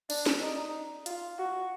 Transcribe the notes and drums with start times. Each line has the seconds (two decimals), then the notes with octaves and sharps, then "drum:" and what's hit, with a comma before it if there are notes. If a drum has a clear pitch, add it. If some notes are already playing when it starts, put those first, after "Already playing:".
0.10 D4, drum: cymbal
0.26 drum: snare
0.41 D#4
1.06 F4, drum: hi-hat
1.39 F#4